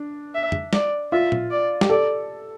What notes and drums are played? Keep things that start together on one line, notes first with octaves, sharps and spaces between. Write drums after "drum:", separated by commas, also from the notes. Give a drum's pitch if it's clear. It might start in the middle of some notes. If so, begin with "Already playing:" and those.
Already playing: D4
E5
drum: tom
D5, drum: snare
F4 E5
drum: tom A#2
D5
G4, drum: snare
A4 D5